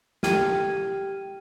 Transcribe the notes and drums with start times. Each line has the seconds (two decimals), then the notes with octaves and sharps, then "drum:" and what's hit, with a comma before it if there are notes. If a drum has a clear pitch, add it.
0.23 G4 G5 F6 G#6 D#7, drum: snare